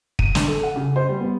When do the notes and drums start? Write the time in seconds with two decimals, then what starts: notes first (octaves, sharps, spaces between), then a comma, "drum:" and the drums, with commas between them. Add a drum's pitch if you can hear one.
0.19 D#7, drum: kick
0.35 D4, drum: snare
0.48 A4
0.63 F#5
0.76 C#3
0.96 C5
1.09 G3
1.20 B3